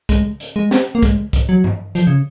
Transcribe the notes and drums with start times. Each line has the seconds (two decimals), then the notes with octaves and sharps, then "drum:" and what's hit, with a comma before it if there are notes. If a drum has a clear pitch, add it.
0.09 G#3, drum: kick, hi-hat
0.40 drum: hi-hat
0.56 G#3
0.71 drum: snare
0.95 A#3
1.03 G#3, drum: kick, hi-hat
1.33 drum: kick, hi-hat
1.49 F#3
1.64 drum: tom G2
1.95 F3, drum: hi-hat
2.07 C#3